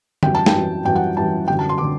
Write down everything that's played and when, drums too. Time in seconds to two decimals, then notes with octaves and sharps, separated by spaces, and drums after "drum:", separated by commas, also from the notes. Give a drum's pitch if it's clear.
0.23 F#2 E3 G3 G5, drum: tom D3
0.35 A5
0.46 G5, drum: snare
0.54 F#2 E3 G3
0.85 F#2 E3 G3 G5
0.95 F#5
1.17 F#2 E3 G3 A5
1.48 F#2 D3 G3 G5
1.59 A5
1.69 C6
1.78 D3 D6